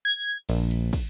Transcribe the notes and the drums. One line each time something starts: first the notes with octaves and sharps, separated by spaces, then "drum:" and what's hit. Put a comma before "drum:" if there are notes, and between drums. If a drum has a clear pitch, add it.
G#6
A#1, drum: cymbal
drum: cymbal
drum: kick, cymbal